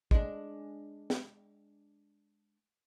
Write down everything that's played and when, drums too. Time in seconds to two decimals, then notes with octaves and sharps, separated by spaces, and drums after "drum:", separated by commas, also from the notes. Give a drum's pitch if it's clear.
0.11 G#3 D4, drum: kick
1.10 drum: snare